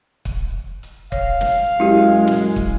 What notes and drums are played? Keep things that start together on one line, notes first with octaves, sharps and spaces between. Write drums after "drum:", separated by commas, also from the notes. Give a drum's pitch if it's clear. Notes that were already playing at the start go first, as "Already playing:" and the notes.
drum: kick, hi-hat
drum: hi-hat
C#5 F5, drum: kick
drum: snare
F#2 G#3 E4 G4
drum: snare
drum: kick, hi-hat